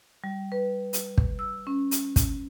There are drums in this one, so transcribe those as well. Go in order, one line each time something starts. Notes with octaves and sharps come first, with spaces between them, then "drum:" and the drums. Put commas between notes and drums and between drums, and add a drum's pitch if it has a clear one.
G3
B4
drum: hi-hat
drum: kick
E6
C#4
drum: hi-hat
drum: kick, hi-hat